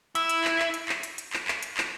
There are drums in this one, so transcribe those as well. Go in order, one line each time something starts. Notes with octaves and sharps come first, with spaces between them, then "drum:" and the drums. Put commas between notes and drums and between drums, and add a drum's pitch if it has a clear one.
E4, drum: hi-hat
drum: hi-hat
drum: clap
drum: clap
drum: hi-hat
drum: clap
drum: hi-hat
drum: hi-hat
drum: clap
drum: clap
drum: hi-hat
drum: clap